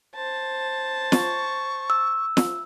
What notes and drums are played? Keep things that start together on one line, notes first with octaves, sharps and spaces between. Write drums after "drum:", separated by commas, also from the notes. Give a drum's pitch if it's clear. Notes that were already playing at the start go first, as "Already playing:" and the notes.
C5 A5
C#6, drum: snare
E6
drum: snare